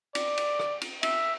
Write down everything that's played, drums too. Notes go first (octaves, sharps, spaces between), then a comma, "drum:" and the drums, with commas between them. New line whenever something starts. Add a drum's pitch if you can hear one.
D5, drum: cymbal
drum: cymbal
drum: rim click
drum: cymbal
E5, drum: cymbal